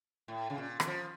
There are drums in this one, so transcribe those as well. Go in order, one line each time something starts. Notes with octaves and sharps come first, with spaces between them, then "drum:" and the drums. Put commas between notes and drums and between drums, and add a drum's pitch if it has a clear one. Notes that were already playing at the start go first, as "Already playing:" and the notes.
A2
C#3
A#2
E3, drum: rim click
F3